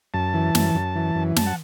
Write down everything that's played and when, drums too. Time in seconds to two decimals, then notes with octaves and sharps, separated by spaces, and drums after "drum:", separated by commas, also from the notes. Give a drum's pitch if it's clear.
0.14 F#2 A5
0.34 E3
0.55 F#2, drum: snare
0.75 F#2
0.96 E3
1.15 F#2
1.36 F#2 A5, drum: snare
1.47 F#5